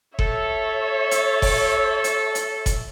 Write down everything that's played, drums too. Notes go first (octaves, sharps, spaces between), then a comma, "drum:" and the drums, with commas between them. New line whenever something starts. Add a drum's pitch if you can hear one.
A4 C#5 E5, drum: kick F#1
drum: hi-hat
drum: kick F#1, open hi-hat
drum: hi-hat
drum: hi-hat
drum: kick F#1, hi-hat